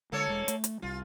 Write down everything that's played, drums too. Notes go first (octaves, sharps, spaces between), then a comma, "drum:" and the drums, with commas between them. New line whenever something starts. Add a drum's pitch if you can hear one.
D3 G#3 A#3 A4 C#5
E1 G#3
A3, drum: hi-hat
drum: hi-hat
C2 G3 F4